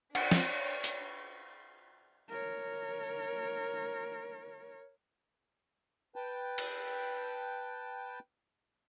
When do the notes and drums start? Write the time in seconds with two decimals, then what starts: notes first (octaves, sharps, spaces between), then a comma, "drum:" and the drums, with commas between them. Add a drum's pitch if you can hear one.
0.15 D4 C#5 F#5, drum: cymbal
0.31 drum: snare
0.84 drum: hi-hat
2.30 A#4 C#5
6.16 B4 G5 A5
6.58 drum: cymbal